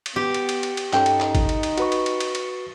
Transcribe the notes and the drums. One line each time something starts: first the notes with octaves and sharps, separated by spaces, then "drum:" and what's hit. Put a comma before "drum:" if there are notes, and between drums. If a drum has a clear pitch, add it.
drum: cymbal
B3 G4
drum: cymbal
drum: cymbal
drum: cymbal
drum: cymbal
G2 C#4 D#4 A4 G5, drum: clap
drum: cymbal
drum: clap
drum: kick, cymbal
drum: cymbal
drum: cymbal
F#4 B4 C#6, drum: cymbal
drum: cymbal
drum: cymbal
drum: cymbal
drum: cymbal